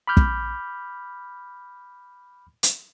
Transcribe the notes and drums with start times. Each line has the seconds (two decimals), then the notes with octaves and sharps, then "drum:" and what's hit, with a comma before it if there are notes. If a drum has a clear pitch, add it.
0.07 B5 D6 F6 G6
0.17 drum: kick
2.63 drum: hi-hat